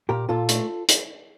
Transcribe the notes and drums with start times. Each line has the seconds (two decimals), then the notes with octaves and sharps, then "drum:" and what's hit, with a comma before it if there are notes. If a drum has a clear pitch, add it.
0.09 A#2 G4 A#4
0.29 A#2 F4 A4
0.49 A3, drum: hi-hat
0.89 drum: hi-hat